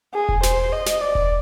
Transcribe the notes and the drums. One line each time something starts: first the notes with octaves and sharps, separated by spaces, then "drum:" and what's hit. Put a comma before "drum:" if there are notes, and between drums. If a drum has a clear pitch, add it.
G#4
drum: kick E1
C5, drum: snare
D#5
drum: snare
D5
drum: kick E1